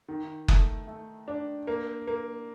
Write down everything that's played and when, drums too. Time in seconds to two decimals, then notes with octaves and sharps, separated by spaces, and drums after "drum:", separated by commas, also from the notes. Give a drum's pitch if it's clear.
0.08 D#3
0.48 A3, drum: kick F#1
0.88 A3
1.28 D4
1.67 A#3
2.07 A#3